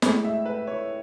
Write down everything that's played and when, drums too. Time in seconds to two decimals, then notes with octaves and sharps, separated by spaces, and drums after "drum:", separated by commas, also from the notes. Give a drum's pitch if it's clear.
0.02 A2 G#3 B5, drum: snare
0.25 E5
0.46 B4
0.67 C#5